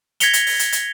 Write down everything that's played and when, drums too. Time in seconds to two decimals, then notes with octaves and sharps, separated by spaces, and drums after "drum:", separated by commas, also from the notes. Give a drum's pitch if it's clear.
0.20 G#6 A#6 B6 C#7 F7 G7, drum: hi-hat
0.33 drum: hi-hat
0.46 drum: open hi-hat
0.59 drum: hi-hat
0.72 drum: hi-hat